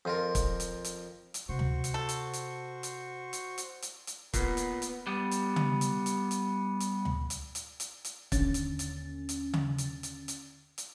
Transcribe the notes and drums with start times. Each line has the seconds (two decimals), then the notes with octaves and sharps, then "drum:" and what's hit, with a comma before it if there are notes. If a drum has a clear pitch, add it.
0.05 F2 F4 A#4
0.35 drum: kick, hi-hat
0.60 drum: hi-hat
0.84 drum: hi-hat
1.34 drum: hi-hat
1.49 C3 F#4 C5 C#6
1.59 drum: tom D2
1.84 drum: hi-hat
1.94 A4
2.09 drum: hi-hat
2.33 drum: hi-hat
2.83 drum: hi-hat
3.33 drum: hi-hat
3.58 drum: hi-hat
3.82 drum: hi-hat
4.07 drum: hi-hat
4.33 A#2 B3, drum: kick, hi-hat
4.57 drum: hi-hat
4.82 drum: hi-hat
5.07 G3 B3
5.31 drum: hi-hat
5.56 drum: tom C#3
5.81 drum: hi-hat
6.06 drum: hi-hat
6.31 drum: hi-hat
6.80 drum: hi-hat
7.05 drum: tom D2
7.30 drum: hi-hat
7.55 drum: hi-hat
7.80 drum: hi-hat
8.05 drum: hi-hat
8.32 D#2 D3 C#4 A6, drum: kick, hi-hat
8.54 drum: hi-hat
8.79 drum: hi-hat
9.29 drum: hi-hat
9.54 drum: tom C#3
9.78 drum: hi-hat
10.03 drum: hi-hat
10.28 drum: hi-hat
10.78 drum: hi-hat